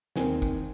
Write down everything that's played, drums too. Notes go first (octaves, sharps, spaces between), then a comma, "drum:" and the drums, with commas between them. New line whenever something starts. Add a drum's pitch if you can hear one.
D#2 D#3 C4 G#5, drum: snare
drum: kick G1